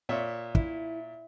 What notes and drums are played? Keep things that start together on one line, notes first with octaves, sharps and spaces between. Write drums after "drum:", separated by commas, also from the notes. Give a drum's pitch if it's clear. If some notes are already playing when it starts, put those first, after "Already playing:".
A#2 C#5 E5
E4, drum: kick